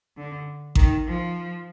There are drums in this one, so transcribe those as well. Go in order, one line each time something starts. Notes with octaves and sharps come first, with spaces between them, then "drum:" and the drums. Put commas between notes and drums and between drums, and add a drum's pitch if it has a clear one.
D3
D#3, drum: kick A1
F3